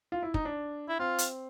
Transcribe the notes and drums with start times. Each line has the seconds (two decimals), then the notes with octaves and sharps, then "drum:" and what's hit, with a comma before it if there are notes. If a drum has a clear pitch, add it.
0.12 F4
0.23 E4
0.34 D#4, drum: kick
0.45 D4
0.89 E4
0.99 C4 F4
1.18 drum: hi-hat